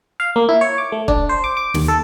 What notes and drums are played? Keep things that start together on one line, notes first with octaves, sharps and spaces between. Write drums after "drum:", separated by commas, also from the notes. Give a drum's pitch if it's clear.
F5
A#3
E4
C#5
D6
A3
D4, drum: kick
C5
D6
D6
D#2, drum: snare
A4